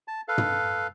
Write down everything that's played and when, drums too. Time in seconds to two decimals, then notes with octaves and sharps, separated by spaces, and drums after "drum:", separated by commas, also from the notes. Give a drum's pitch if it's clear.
0.08 A5
0.28 A4 B4 F5
0.38 drum: tom